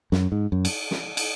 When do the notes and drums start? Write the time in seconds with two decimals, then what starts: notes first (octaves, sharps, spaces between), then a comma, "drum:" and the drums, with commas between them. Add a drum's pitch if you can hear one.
0.12 F#2, drum: snare
0.32 G#2
0.52 F#2
0.65 drum: cymbal
0.91 drum: snare
1.17 drum: cymbal